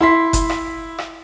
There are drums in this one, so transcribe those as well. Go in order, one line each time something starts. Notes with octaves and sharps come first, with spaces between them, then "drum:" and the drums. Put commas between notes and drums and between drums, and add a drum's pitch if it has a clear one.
E4 C6 B6
drum: kick F#1, hi-hat
drum: rim click
drum: rim click